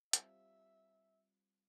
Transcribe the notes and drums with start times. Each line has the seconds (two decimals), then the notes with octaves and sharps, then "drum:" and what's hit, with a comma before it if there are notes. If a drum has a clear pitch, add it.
0.13 G3 C4 F4 E5, drum: hi-hat